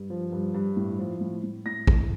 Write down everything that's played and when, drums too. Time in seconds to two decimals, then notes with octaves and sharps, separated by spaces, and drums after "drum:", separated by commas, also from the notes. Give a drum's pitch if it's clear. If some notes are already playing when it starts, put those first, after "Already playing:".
Already playing: G2
0.10 F3
0.32 G2
0.54 G2
0.77 A2
0.99 F3
1.21 A2
1.44 A2
1.66 A2 A#6
1.87 A2, drum: kick A#1